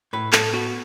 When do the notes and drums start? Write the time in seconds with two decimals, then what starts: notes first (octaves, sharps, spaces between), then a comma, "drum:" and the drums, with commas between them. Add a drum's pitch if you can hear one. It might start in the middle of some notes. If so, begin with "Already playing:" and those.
0.13 A2 B4
0.33 A2 A4, drum: clap
0.53 B3 F#4